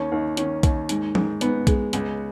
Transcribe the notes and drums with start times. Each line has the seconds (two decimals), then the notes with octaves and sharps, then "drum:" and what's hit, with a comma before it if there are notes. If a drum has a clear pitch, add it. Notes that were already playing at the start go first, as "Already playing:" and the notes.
Already playing: D#2 C#4
0.12 D#2
0.37 D#3 C#4, drum: hi-hat
0.63 D#2, drum: kick B1, hi-hat
0.89 G#2, drum: hi-hat
1.15 G#2, drum: tom F3
1.41 G#2 B3, drum: hi-hat
1.67 G#3, drum: kick B1, hi-hat
1.93 C#2, drum: hi-hat